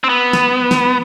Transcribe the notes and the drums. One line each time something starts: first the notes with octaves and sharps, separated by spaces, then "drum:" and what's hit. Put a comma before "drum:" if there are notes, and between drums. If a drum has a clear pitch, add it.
C4
B3
drum: snare
drum: snare